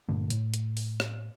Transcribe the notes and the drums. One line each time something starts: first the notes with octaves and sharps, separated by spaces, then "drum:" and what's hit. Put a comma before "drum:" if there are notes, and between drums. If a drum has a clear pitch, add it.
G2 A#2 D3 A3
A2, drum: hi-hat
drum: hi-hat
drum: open hi-hat
drum: rim click